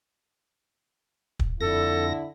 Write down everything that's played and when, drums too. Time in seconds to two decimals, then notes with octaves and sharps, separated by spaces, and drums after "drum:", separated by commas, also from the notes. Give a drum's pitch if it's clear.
1.39 drum: kick
1.61 F2 D3 E4 A4 A#6